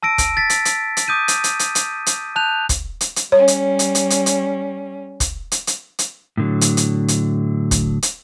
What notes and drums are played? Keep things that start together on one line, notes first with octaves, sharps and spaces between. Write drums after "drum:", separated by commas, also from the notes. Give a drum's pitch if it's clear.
A5 E6 A#6 D7
drum: kick, hi-hat
A6 B6
drum: hi-hat
drum: hi-hat
drum: hi-hat
D6 D#6 G6 D#7
drum: hi-hat
drum: hi-hat
drum: hi-hat
drum: hi-hat
drum: hi-hat
A5 F#6 G6 F7
drum: kick, hi-hat
drum: hi-hat
drum: hi-hat
G3 C#4 C#5
drum: hi-hat
drum: hi-hat
drum: hi-hat
drum: hi-hat
drum: hi-hat
drum: kick, hi-hat
drum: hi-hat
drum: hi-hat
drum: hi-hat
A2 D3 F#3
drum: hi-hat
drum: hi-hat
drum: hi-hat
drum: kick, hi-hat
drum: hi-hat